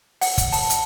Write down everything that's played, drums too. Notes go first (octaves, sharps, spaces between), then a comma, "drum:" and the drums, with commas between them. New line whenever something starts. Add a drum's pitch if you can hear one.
F#5, drum: open hi-hat
drum: kick, hi-hat
A5, drum: open hi-hat
drum: hi-hat